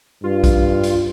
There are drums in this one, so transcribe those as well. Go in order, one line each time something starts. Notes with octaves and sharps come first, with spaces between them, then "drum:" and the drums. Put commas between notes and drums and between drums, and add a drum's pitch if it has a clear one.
G2 F4
drum: kick A#1, hi-hat
drum: hi-hat